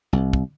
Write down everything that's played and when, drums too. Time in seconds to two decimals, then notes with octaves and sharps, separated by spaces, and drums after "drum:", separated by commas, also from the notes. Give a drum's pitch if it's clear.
0.13 C2
0.33 drum: kick